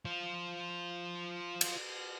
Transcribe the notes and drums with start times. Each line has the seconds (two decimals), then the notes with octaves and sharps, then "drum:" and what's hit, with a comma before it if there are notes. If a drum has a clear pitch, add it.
0.05 F4 C5
1.61 drum: cymbal